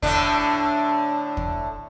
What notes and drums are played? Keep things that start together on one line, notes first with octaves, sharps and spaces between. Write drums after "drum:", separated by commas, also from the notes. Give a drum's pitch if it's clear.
A2 D3 D4, drum: kick
drum: kick